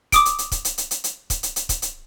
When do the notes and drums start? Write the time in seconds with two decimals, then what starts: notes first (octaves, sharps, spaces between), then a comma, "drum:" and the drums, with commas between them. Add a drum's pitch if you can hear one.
0.12 D6 D#6 D7, drum: kick, hi-hat
0.25 drum: hi-hat
0.38 drum: hi-hat
0.52 drum: kick, hi-hat
0.65 drum: hi-hat
0.78 drum: hi-hat
0.91 drum: hi-hat
1.04 drum: hi-hat
1.30 drum: kick, hi-hat
1.43 drum: hi-hat
1.56 drum: hi-hat
1.69 drum: kick, hi-hat
1.82 drum: hi-hat